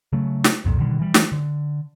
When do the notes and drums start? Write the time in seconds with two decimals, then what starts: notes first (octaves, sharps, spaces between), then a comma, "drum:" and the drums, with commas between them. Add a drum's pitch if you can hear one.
0.13 C#3 F#3 A3
0.44 drum: snare
0.65 C2 F2 A#2
0.79 B2 D3 D#3 G3
0.99 E3 G3
1.14 drum: snare
1.32 D3